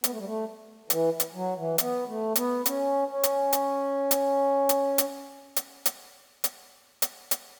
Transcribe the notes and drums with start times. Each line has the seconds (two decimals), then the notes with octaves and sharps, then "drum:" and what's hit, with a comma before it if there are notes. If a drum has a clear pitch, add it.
0.04 B3, drum: hi-hat
0.11 A3
0.18 G3
0.25 A3
0.90 E3, drum: hi-hat
1.20 drum: hi-hat
1.34 F#3
1.56 E3
1.78 B3, drum: hi-hat
2.07 A3
2.35 B3, drum: hi-hat
2.66 C#4, drum: hi-hat
3.08 C#4
3.23 drum: hi-hat
3.53 drum: hi-hat
4.11 drum: hi-hat
4.69 drum: hi-hat
4.98 drum: hi-hat
5.56 drum: hi-hat
5.86 drum: hi-hat
6.44 drum: hi-hat
7.02 drum: hi-hat
7.31 drum: hi-hat